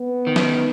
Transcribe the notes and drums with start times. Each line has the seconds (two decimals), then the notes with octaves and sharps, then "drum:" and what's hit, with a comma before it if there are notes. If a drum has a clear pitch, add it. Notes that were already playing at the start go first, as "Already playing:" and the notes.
Already playing: B3
0.27 D#3
0.36 drum: snare